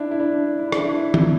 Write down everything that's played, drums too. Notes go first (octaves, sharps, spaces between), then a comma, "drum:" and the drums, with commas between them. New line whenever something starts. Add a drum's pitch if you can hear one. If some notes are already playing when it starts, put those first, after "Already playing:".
Already playing: D4 E4
E4
D4
E4
D4, drum: rim click
E4
drum: tom D#3